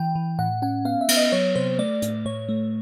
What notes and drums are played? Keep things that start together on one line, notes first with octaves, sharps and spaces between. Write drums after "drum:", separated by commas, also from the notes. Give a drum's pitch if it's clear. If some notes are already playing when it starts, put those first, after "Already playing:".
Already playing: E3 G5
E3
A2 F#5
C#4 F#5
B3 F5
E5
B3, drum: cymbal
D#5
F#3 C#5
C3 C5
A3 D5
A2, drum: hi-hat
A2 C#5
A3